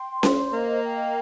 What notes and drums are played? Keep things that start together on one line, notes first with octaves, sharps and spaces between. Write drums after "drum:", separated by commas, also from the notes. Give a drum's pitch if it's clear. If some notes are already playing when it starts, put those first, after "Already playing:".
Already playing: G5 C6
C5, drum: snare C#4
A#3 D#5
G5